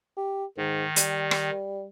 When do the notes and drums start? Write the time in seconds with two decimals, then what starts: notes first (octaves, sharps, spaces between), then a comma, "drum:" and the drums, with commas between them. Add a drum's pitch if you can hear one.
0.17 G4
0.57 G#2 D#3
0.96 G3, drum: hi-hat
1.31 drum: rim click